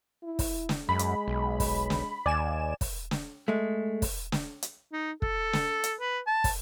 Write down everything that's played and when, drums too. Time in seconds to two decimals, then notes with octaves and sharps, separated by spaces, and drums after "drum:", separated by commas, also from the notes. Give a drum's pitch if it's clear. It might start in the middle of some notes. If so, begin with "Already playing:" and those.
0.23 E4
0.39 drum: kick, open hi-hat
0.69 drum: snare
0.89 F#2 G#3 B5
0.99 drum: hi-hat
1.28 B1
1.60 drum: kick, open hi-hat
1.90 drum: snare
2.26 D#2 D5 G#5 E7
2.81 drum: kick, open hi-hat
3.11 drum: snare
3.48 G#3 A3
4.02 drum: kick, open hi-hat
4.32 drum: snare
4.62 drum: hi-hat
4.93 D#4
5.22 A4, drum: kick
5.53 drum: snare
5.84 drum: hi-hat
6.00 B4
6.27 A5
6.44 drum: kick, open hi-hat